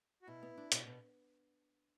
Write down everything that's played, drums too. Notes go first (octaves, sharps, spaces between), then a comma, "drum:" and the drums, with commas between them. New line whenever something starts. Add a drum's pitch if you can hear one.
F#4
B2 E4
B3
D4
B2, drum: hi-hat
B2